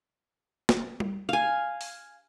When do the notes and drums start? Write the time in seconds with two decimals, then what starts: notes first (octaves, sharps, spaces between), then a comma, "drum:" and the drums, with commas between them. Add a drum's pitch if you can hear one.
0.69 drum: snare
1.00 drum: tom G3
1.29 F5 G#5
1.81 drum: open hi-hat